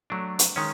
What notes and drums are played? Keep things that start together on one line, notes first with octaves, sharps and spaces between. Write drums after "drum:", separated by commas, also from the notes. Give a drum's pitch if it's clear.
F#3 A3 D4
drum: hi-hat
D#3 G#3 C#4